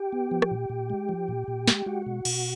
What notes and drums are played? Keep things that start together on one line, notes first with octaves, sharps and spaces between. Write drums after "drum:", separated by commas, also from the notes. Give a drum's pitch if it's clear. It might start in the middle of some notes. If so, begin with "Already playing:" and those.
Already playing: G4 G5
B3
F3
drum: rim click
A#2
A#2
G#3
F3
A#2
A#2
G#3, drum: snare
G#3 F#4 F#5
B2
B2, drum: cymbal